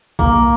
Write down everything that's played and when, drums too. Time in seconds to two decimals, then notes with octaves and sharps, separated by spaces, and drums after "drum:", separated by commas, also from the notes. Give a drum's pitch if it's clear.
0.19 A#3, drum: kick B1